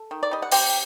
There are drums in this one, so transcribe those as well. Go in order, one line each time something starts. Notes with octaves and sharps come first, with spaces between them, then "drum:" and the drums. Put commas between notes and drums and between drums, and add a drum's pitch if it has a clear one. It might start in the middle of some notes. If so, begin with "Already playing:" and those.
Already playing: A4
D#3
D5
G3 D#5
F#5
C4 G4 G5, drum: open hi-hat